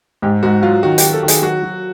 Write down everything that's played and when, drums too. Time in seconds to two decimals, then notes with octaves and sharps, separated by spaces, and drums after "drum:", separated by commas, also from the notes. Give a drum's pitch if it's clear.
0.22 G#2 G4
0.43 G#2 F#4
0.63 F#3 F4
0.83 D#3 F#4
0.98 G4, drum: hi-hat
1.02 F#3
1.13 A4
1.23 D#3
1.28 G#4, drum: hi-hat
1.42 F#3 F#4
1.63 F#3